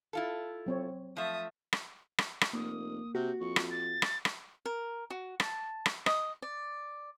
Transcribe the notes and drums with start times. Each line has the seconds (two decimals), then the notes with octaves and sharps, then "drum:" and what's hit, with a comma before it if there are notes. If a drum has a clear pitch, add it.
0.13 E4 F4 A4
0.66 F#3 C4 C#5
1.17 F3 A3 E5 D#6
1.73 drum: rim click
2.18 drum: rim click
2.41 drum: rim click
2.53 F1 A#3 D#6
3.15 C3 F#4 G6
3.40 F2 C#6
3.56 drum: rim click
3.71 A6
4.02 drum: rim click
4.25 drum: rim click
4.66 A#4
5.10 F#4
5.40 A5, drum: rim click
5.86 drum: rim click
6.06 D#5, drum: rim click
6.42 D5